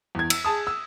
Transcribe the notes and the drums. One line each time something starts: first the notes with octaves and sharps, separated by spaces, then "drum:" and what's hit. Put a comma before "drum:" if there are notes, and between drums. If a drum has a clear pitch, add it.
E2 G#6
E6, drum: cymbal
G#4 A5 D#6
E6